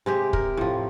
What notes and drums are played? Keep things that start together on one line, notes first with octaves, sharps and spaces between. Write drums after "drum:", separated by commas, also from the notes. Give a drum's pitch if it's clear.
C3 G#3 G4
A#4, drum: kick
A2 F3